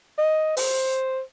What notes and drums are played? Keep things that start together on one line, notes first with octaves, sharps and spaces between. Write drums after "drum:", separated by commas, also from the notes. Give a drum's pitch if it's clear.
D#5
C5, drum: open hi-hat